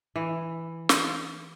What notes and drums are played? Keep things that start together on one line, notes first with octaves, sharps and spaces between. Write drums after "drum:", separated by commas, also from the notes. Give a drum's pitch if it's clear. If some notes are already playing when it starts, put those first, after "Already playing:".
E3
drum: snare